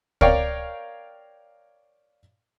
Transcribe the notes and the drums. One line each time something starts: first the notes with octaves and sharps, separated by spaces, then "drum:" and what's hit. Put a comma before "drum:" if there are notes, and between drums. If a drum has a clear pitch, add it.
A#4 C#5 D5 F5 G5, drum: kick